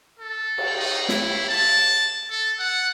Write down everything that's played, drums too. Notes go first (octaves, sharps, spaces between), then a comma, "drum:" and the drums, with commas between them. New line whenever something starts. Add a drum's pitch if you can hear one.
A4
drum: cymbal
D#4
E4, drum: snare
A5
A4
F#5